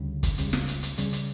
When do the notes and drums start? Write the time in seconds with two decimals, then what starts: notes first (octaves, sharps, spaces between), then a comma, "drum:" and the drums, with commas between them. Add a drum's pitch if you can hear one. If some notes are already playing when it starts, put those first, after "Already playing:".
Already playing: D2 C#3 G3
0.23 drum: kick, hi-hat
0.38 C#2 C#3 G3, drum: hi-hat
0.53 drum: snare
0.68 drum: hi-hat
0.83 drum: hi-hat
0.98 C#3 G3 C#4, drum: hi-hat
1.13 drum: hi-hat